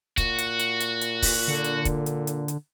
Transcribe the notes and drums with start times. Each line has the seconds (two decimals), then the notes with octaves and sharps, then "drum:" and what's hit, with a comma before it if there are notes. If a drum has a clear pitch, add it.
0.17 A#2 F#4, drum: kick, hi-hat
0.38 drum: hi-hat
0.59 drum: hi-hat
0.80 drum: hi-hat
1.01 drum: hi-hat
1.22 drum: kick, open hi-hat
1.48 D3
1.64 drum: hi-hat
1.85 drum: kick, hi-hat
2.06 drum: hi-hat
2.27 drum: hi-hat
2.48 drum: hi-hat